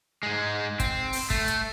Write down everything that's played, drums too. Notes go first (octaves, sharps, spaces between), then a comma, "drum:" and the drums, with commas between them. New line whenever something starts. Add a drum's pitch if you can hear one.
G#2 G#3
C4, drum: kick, hi-hat
drum: open hi-hat
A3, drum: kick
drum: hi-hat